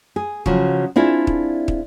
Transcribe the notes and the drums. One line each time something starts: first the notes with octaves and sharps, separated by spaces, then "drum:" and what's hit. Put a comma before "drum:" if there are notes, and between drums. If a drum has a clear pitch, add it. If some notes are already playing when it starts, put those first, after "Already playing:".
G#4
C#3 F3 F#3, drum: kick
C4 D4 E4 F4 G#4
drum: kick
drum: kick